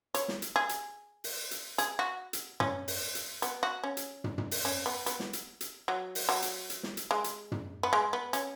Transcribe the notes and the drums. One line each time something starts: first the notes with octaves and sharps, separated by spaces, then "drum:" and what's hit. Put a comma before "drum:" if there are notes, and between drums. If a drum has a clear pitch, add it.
C#5, drum: hi-hat
drum: snare
drum: hi-hat
G#4
drum: hi-hat
drum: open hi-hat
drum: hi-hat
G#4, drum: hi-hat
F#4
drum: hi-hat
C#4, drum: tom
drum: open hi-hat
drum: hi-hat
B3, drum: hi-hat
F#4
C#4
drum: hi-hat
drum: tom
drum: tom
drum: open hi-hat
C#4
B3
B3, drum: hi-hat
drum: snare
drum: hi-hat
drum: hi-hat
F#3
drum: open hi-hat
F#3
drum: hi-hat
drum: hi-hat
drum: snare
drum: hi-hat
G#3
drum: hi-hat
drum: tom
B3
G#3
B3
C#4, drum: hi-hat